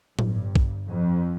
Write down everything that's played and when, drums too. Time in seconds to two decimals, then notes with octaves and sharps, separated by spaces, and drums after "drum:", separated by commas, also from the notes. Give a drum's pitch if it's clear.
0.19 G1 G2, drum: tom A2
0.55 drum: kick A#1
0.89 F2